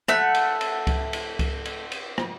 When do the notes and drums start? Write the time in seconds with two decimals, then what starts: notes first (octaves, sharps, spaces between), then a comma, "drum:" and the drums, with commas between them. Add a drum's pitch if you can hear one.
0.08 A3 E5 F#5, drum: rim click
0.35 drum: cymbal
0.61 drum: cymbal
0.87 drum: kick C#2, cymbal
1.13 drum: cymbal
1.39 drum: kick C#2, cymbal
1.65 drum: cymbal
1.92 drum: cymbal
2.18 drum: rim click